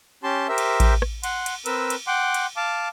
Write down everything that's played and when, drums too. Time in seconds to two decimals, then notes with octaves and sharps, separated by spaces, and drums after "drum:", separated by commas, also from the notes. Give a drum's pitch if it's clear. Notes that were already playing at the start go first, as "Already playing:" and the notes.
0.23 C#4 G4 A5 C6
0.48 G4 A#4 C5 E5
0.58 drum: cymbal
0.80 drum: kick A1, cymbal
1.02 drum: rim click
1.24 F#5 C6, drum: cymbal
1.46 drum: cymbal
1.66 C4 A#4 B4 E6, drum: cymbal
1.90 drum: cymbal
2.07 F#5 G5 C6 D6
2.34 drum: cymbal
2.56 F5 A5 D6